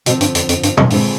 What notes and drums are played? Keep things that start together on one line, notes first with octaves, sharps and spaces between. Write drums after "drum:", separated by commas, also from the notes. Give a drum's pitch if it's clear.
B2 D3 F3 C4, drum: hi-hat
G2, drum: hi-hat
F2, drum: hi-hat
F2, drum: hi-hat
G2, drum: hi-hat
F2, drum: tom A#2
G2 D3 G#3 C4 F4 B4, drum: open hi-hat